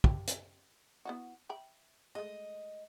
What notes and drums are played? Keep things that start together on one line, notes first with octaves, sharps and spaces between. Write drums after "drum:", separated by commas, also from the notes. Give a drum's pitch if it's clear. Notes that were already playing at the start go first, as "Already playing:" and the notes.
G4, drum: kick
drum: hi-hat
B3 E4 F#4
E5 G5 B5
G#3 A3 D#5